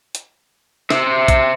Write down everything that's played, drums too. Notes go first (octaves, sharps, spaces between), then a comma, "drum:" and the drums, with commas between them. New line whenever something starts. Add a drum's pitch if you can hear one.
drum: hi-hat
C5 E5, drum: snare
drum: kick A#1, hi-hat